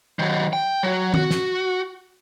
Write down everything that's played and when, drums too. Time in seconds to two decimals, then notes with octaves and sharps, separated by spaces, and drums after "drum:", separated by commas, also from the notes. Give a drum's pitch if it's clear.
0.19 D#3 F#3
0.53 G5
0.83 F#3 F#4
1.14 F#4, drum: tom D#3
1.31 drum: snare